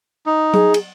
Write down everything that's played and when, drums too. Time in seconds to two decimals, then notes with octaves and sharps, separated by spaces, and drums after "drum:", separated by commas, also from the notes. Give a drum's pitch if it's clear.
0.26 D#4
0.54 G#4, drum: tom F#3
0.74 drum: cymbal